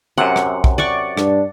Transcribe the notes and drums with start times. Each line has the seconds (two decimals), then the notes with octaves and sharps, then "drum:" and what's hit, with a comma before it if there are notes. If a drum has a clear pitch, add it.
0.18 F#2 C3 F#5
0.36 drum: rim click
0.64 drum: kick
0.78 D5 F#5 C#6
1.17 G2 D4, drum: rim click